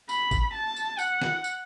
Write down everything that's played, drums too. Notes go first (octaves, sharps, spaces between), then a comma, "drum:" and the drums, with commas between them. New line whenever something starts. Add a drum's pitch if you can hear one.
B5, drum: tambourine
drum: kick A1, tambourine
A5
drum: tambourine
F#5, drum: tambourine
drum: snare
drum: tambourine